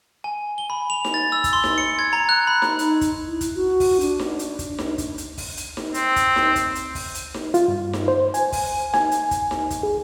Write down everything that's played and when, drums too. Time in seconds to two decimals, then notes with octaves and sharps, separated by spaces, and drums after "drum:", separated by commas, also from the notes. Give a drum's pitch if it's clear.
0.24 G#5
0.58 G7
0.70 B5
0.90 F7
1.05 drum: snare D#4
1.14 A6
1.32 E6
1.44 drum: kick, hi-hat
1.53 C6
1.64 drum: snare D#4
1.78 C#7
1.99 G#6
2.13 A#5
2.29 F#6
2.47 B5
2.62 drum: snare D#4
2.79 D#4, drum: hi-hat
3.01 drum: kick, hi-hat
3.26 E4
3.41 drum: kick, hi-hat
3.55 F#4
3.80 drum: kick, open hi-hat
4.01 D4, drum: hi-hat
4.19 drum: snare D#4
4.39 drum: hi-hat
4.59 drum: kick, hi-hat
4.78 drum: snare D#4
4.98 drum: kick, hi-hat
5.18 drum: hi-hat
5.38 drum: kick, open hi-hat
5.57 drum: hi-hat
5.77 drum: snare D#4
5.94 C4, drum: hi-hat
6.16 drum: kick, hi-hat
6.36 drum: snare D#4
6.56 drum: kick, hi-hat
6.75 drum: hi-hat
6.95 drum: kick, open hi-hat
7.15 drum: hi-hat
7.34 drum: snare D#4
7.54 F4, drum: hi-hat
7.68 G2
7.93 drum: snare D#4
8.08 C5
8.34 G#5, drum: hi-hat
8.52 drum: kick, open hi-hat
8.94 G#5, drum: snare D#4
9.11 drum: hi-hat
9.31 drum: kick, hi-hat
9.51 drum: snare D#4
9.71 drum: kick, hi-hat
9.83 G#4